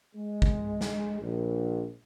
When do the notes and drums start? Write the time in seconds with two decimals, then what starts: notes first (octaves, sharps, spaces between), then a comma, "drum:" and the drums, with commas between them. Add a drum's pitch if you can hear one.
0.16 G#3
0.42 drum: kick
0.81 drum: snare
1.20 A#1